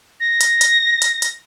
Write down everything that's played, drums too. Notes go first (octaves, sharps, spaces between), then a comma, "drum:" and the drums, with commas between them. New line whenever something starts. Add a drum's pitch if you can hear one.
A#6
drum: hi-hat
drum: hi-hat
drum: hi-hat
drum: hi-hat